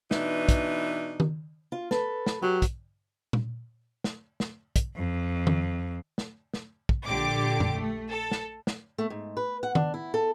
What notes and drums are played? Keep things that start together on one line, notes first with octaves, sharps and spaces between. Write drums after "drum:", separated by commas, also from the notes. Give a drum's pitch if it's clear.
B2 E3 D4 D#4, drum: snare
drum: kick, hi-hat
drum: tom D#3
F4
A4 B4, drum: snare
drum: snare
F#3 G4
drum: kick, hi-hat
drum: tom A#2
drum: snare
drum: snare
drum: kick, hi-hat
F2
drum: tom D#3
drum: snare
drum: snare
drum: kick
A#1 D3 G4 D6
drum: tom F2
A3
A4
drum: snare
drum: snare
A3
G#2
B4
F#5
D4, drum: tom D#3
E4
A4